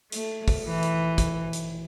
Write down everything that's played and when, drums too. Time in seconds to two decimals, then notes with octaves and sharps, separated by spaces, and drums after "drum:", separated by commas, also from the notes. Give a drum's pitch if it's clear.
0.12 A3, drum: hi-hat
0.48 drum: kick, open hi-hat
0.67 E3
0.83 drum: hi-hat
1.18 drum: kick, hi-hat
1.53 drum: hi-hat